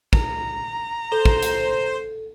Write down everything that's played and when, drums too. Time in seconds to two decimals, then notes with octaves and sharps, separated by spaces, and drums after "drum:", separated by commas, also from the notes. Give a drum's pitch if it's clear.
0.13 A#5, drum: kick
1.12 A4 C5
1.25 drum: kick
1.43 drum: hi-hat